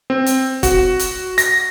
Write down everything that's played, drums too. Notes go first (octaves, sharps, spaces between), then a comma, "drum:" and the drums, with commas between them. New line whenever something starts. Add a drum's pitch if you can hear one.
C4
drum: hi-hat
F#4, drum: kick, hi-hat
drum: hi-hat
A#6, drum: hi-hat